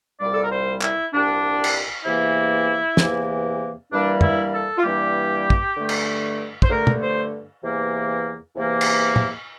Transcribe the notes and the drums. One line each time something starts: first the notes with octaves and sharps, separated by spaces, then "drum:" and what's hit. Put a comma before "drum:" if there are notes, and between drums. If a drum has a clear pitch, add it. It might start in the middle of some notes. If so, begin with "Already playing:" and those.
C2 A#2 G3 D5
A4
A#4
C5
E4, drum: clap
C2 A#2 G3 D4
drum: cymbal
E2 C3 E3 A#3 E4
E2 C3 E3 A#3, drum: snare
G2 E3 G3 A#3 D4
E4, drum: tom
A4
F4
G2 E3 G3 A#3 G4
drum: kick
G2 D3 A3
drum: cymbal
C5, drum: kick
G2 D3 A3 A#4
drum: tom
C5
E2 C3 E3 A#3
E2 C3 E3 A#3
drum: cymbal
drum: tom